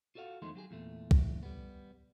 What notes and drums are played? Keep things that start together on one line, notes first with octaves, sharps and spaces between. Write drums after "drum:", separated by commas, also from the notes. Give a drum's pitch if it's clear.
F4 F#4 A4 D5 F5 F#5
E2 D#3 F3 G#3 A3 C6
F#3 G4 G#4
E2 A#2 A3
drum: kick
G3 B3